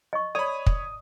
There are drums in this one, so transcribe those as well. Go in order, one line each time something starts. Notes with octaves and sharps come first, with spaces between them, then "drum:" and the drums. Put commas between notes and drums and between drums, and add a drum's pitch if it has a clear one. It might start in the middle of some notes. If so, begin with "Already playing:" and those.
D#5 C#6
C#5 D5 B5 D#6
drum: kick